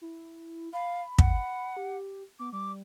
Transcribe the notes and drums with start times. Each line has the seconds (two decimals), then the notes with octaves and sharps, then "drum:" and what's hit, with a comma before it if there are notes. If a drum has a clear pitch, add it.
0.01 E4
0.73 F5 B5
1.18 F#5, drum: kick
1.77 G4
2.39 B3 D6
2.52 G3 D6